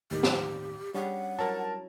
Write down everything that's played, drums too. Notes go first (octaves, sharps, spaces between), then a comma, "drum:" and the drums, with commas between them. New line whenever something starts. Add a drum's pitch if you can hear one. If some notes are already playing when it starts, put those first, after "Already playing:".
D#2 A2 D#3 G4
drum: snare
G3 C#4 D4 G4 G#4 F#5
F#3 E4 A#4 A5